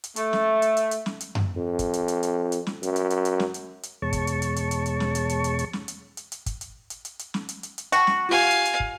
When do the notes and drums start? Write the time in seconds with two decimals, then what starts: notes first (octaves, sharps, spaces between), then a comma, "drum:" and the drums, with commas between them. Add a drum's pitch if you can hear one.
0.04 drum: hi-hat
0.16 A3, drum: hi-hat
0.33 drum: snare
0.62 drum: hi-hat
0.77 drum: hi-hat
0.91 drum: hi-hat
1.06 drum: snare
1.20 drum: hi-hat
1.35 drum: tom F#2
1.57 F2
1.79 drum: kick, hi-hat
1.93 drum: hi-hat
2.08 drum: hi-hat
2.23 drum: hi-hat
2.52 drum: hi-hat
2.67 drum: snare
2.83 F#2, drum: hi-hat
2.96 drum: hi-hat
3.10 drum: hi-hat
3.25 drum: hi-hat
3.40 drum: snare
3.54 drum: hi-hat
3.83 drum: hi-hat
4.02 E2 B2 G#3 C#5 A5 C#6
4.13 drum: kick, hi-hat
4.27 drum: hi-hat
4.42 drum: hi-hat
4.56 drum: hi-hat
4.71 drum: hi-hat
4.86 drum: hi-hat
5.00 drum: snare
5.15 drum: hi-hat
5.29 drum: hi-hat
5.44 drum: hi-hat
5.59 drum: hi-hat
5.73 drum: snare
5.88 drum: hi-hat
6.17 drum: hi-hat
6.32 drum: hi-hat
6.46 drum: kick, hi-hat
6.61 drum: hi-hat
6.90 drum: hi-hat
7.05 drum: hi-hat
7.19 drum: hi-hat
7.34 drum: snare
7.49 drum: hi-hat
7.63 drum: hi-hat
7.78 drum: hi-hat
7.92 F#4 G5 A5, drum: hi-hat
8.07 drum: snare
8.29 F4 G4 F5 F#5 G#5
8.51 drum: hi-hat
8.65 drum: hi-hat
8.80 drum: kick